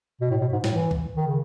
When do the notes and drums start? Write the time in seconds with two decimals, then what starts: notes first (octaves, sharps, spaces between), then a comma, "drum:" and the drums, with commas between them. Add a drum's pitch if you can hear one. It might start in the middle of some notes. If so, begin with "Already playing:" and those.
0.21 B2
0.31 A2
0.41 B2
0.53 G#2
0.64 A2, drum: snare
0.74 E3
0.91 drum: kick
1.17 D#3
1.27 C#3